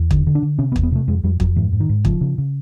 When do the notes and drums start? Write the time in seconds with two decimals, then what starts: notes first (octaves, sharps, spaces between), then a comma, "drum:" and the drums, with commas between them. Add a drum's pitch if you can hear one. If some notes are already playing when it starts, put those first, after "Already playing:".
Already playing: E2
0.11 D3, drum: kick
0.27 D3
0.35 D4
0.43 D3
0.59 C3 C#4
0.72 B3
0.76 E2, drum: kick
0.83 B3
0.92 C3 A3
1.07 F2 G#3
1.23 F2 G3
1.40 F2 F#3, drum: kick
1.56 G#2 E3
1.73 G#2
1.80 D#3
1.89 G#2
2.05 C#3 F3, drum: kick
2.21 C#3
2.38 C#3